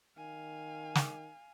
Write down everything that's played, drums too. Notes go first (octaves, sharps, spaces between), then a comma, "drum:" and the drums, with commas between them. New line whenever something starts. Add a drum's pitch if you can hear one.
D#3 F5 G#5
drum: snare